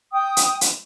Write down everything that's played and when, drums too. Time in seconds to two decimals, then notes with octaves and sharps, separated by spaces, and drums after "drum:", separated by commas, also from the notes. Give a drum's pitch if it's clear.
0.12 G5 D#6
0.37 drum: hi-hat
0.61 drum: hi-hat